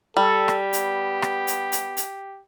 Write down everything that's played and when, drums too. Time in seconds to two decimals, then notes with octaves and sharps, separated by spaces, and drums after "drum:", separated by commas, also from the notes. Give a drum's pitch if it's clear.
0.17 G3 G4 A4
0.48 drum: rim click
0.73 B3, drum: hi-hat
1.22 drum: rim click
1.47 drum: hi-hat
1.72 drum: hi-hat
1.97 drum: hi-hat